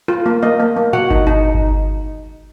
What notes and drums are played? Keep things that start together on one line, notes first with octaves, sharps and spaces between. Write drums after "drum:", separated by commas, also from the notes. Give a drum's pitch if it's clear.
F4, drum: rim click
A#3
A#3 D#5
A#3
A#3
F#4 F#5, drum: tom A#2
D#4, drum: kick G1
D#4
drum: kick G1